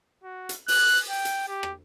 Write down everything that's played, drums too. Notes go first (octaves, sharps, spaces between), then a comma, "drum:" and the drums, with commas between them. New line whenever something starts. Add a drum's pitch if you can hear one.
F#4
drum: hi-hat
F#6, drum: open hi-hat
G5
drum: hi-hat
G4
drum: rim click